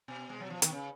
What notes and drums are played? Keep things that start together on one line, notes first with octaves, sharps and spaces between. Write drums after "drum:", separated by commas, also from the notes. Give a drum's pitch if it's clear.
B2
G#3
F#3
F3
D#3, drum: hi-hat
C#3